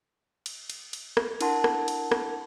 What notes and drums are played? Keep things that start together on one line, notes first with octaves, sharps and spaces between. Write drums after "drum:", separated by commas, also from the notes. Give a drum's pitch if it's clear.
drum: cymbal
drum: cymbal
drum: cymbal
drum: rim click
D4 E4 A#4 F#5 A5 C6, drum: cymbal
drum: rim click
drum: cymbal
drum: rim click